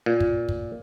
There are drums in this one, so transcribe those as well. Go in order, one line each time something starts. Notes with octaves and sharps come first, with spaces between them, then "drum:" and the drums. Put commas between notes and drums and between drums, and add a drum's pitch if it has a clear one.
A#2
drum: kick
drum: kick